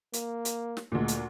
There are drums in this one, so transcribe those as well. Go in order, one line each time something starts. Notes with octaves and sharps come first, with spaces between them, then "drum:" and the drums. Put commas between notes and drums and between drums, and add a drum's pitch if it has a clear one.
A#3, drum: hi-hat
drum: hi-hat
drum: snare
D2 A#2 G#3
drum: hi-hat